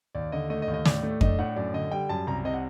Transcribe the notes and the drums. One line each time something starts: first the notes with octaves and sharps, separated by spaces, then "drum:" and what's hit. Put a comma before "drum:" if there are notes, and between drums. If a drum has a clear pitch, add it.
D#2 D5
D3 D#5
A3 D#5
D#5
D#2
D#5
A2 D5, drum: snare
A3
D4 D#5, drum: kick F2
A2 F#5
F#2 D5
D3 D#5
G3 G5
F#2 A5
C2 A#5
C3 D#5
F#5